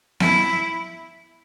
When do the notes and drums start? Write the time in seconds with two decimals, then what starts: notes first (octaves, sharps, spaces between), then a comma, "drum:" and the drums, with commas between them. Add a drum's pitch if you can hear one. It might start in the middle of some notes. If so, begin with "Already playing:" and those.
0.20 E4, drum: snare B3